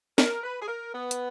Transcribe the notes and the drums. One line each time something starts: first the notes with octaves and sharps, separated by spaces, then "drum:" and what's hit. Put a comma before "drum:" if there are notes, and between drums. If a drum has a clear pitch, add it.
A#4, drum: snare
B4
G#4
A#4
B3
drum: hi-hat